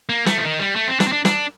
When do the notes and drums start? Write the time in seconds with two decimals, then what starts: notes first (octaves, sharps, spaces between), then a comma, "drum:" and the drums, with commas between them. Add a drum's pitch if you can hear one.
0.09 A#3
0.26 A3, drum: snare
0.38 F3
0.43 D#3
0.59 G3
0.76 A3
0.87 C4
1.00 D4, drum: snare
1.08 C4
1.12 D4
1.25 D4, drum: snare